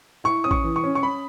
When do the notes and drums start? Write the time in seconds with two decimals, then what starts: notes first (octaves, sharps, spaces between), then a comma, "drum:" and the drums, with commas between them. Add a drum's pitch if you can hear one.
0.24 E4 C#6
0.44 C#4 D#6
0.51 C#6, drum: kick A1
0.64 E3
0.76 C#6
0.84 C#4
0.95 C#6
1.02 C#4 B5